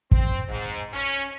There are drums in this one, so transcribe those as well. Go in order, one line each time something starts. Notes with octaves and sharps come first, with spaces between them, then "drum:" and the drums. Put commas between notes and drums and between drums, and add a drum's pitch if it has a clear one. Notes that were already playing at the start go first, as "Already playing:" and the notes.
C4, drum: kick
G#2
C#4